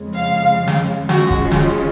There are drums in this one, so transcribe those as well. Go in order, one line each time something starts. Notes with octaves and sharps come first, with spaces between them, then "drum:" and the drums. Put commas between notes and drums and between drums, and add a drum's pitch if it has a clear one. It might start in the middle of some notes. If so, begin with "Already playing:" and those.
Already playing: F2 C#3 G#3
F5
drum: snare
C#3 G#3 C#4 F4 F#4, drum: snare
drum: kick
drum: snare